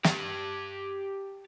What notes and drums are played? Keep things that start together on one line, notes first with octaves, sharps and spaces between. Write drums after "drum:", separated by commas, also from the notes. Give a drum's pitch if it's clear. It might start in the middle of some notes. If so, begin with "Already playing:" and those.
G4 A5, drum: snare